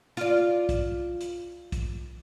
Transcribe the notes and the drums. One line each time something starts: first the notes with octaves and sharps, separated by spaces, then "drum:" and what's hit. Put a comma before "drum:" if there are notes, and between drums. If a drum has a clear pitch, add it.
F4 D5, drum: hi-hat
drum: kick, hi-hat
drum: hi-hat
drum: kick, hi-hat